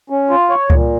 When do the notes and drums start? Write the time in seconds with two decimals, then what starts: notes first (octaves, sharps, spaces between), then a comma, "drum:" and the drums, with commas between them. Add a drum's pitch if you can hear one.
0.10 C#4
0.30 F4
0.50 C#5
0.70 A#2, drum: kick C#2